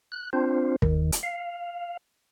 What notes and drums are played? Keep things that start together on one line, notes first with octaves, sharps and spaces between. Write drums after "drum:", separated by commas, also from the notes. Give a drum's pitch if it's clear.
F#6
C4 D4 F4 C5
D#2 D#3, drum: kick
drum: hi-hat
F5